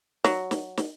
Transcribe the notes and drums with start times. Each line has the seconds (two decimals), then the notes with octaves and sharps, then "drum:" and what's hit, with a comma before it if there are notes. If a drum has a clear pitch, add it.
0.24 F#3, drum: snare
0.51 drum: snare
0.77 drum: snare